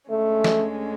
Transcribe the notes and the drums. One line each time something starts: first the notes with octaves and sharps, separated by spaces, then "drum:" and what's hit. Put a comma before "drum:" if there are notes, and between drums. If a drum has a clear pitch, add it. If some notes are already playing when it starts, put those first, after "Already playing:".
D2 D3 G#3 A3 C#4
drum: snare